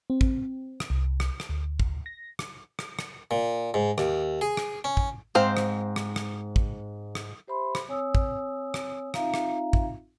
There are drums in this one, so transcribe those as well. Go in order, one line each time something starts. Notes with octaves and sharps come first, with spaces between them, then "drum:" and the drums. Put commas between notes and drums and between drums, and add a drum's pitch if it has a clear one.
C4
drum: kick
drum: rim click
C2
drum: rim click
drum: rim click
D2
drum: kick
A#6
drum: rim click
drum: rim click
drum: rim click
A#2
G#2
D#2, drum: rim click
G#4
drum: rim click
C#4
drum: kick
G#2 C4 C5 F5
drum: rim click
drum: rim click
drum: rim click
drum: kick
drum: rim click
G4 C5 E5 B5 C6
drum: rim click
C4 C#5 G#5 D#6 E6
drum: kick
drum: rim click
C4 D#4 F4 E5 F5 A#5, drum: rim click
drum: rim click
drum: kick